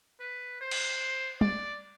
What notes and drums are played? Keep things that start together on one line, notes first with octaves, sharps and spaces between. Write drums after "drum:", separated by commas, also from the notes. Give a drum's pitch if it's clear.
B4
C5
drum: cymbal
D5, drum: tom